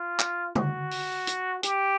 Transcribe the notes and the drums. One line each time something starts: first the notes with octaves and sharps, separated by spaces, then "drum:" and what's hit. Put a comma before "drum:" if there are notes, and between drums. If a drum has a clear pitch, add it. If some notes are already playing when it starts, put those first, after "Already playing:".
Already playing: F4
drum: clap
F#4, drum: tom
drum: open hi-hat
drum: hi-hat
G4, drum: hi-hat